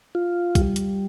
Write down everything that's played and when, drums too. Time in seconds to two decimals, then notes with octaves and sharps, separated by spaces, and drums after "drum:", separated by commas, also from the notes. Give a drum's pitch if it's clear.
0.15 F4
0.55 G3, drum: kick, hi-hat
0.76 drum: hi-hat